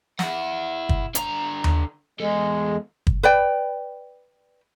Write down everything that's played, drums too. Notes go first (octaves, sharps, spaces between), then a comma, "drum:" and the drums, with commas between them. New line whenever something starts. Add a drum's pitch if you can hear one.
E4 F#5, drum: snare
drum: kick
D3 A#5, drum: hi-hat
drum: tom D#2
E2 G#3 A4
drum: kick
B4 D5 G5